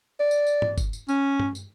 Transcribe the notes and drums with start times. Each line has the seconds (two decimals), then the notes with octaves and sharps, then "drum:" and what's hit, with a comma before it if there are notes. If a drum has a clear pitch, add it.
0.20 D5
0.31 drum: tambourine
0.47 drum: tambourine
0.62 drum: tom G#2
0.78 drum: kick, tambourine
0.93 drum: tambourine
1.09 C#4, drum: tambourine
1.40 drum: tom G2
1.55 drum: tambourine